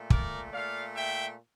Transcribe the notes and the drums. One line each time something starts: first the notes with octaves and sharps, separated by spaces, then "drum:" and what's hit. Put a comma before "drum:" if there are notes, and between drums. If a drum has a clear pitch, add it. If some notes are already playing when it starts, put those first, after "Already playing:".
Already playing: A#2 A3
A#4 D5, drum: kick
A#2 A3 D5 F5
E5 G5